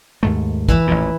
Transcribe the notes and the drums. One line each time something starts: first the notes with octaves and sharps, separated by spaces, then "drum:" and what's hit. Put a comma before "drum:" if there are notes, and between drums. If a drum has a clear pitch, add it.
D#2 G#2 A3
E3 E4 B4, drum: kick
A1 F2 A#2